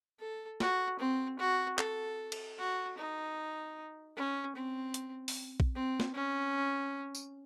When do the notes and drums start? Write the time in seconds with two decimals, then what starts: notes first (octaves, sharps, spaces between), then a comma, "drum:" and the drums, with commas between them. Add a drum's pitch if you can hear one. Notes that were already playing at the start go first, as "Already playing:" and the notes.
0.20 A4
0.60 F#4, drum: snare
0.99 C4
1.39 F#4
1.79 A4, drum: clap
2.32 drum: cymbal
2.58 F#4
2.98 D#4
4.16 C#4
4.56 C4
4.94 drum: hi-hat
5.28 drum: open hi-hat
5.60 drum: kick A#1
5.75 C4
6.00 drum: snare
6.14 C#4
7.15 drum: tambourine